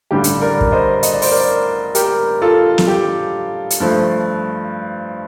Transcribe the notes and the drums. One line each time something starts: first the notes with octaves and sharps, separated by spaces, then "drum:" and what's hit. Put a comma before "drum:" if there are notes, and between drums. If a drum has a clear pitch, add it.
A1 G2 D3 G3 G4
drum: hi-hat
A#4 D5
drum: kick
C5 D#5
D#5, drum: hi-hat
D5
C5, drum: open hi-hat
A#4 D5
G4 A#4, drum: hi-hat
F4 A4
drum: snare
G4
drum: hi-hat
G2 F3 A3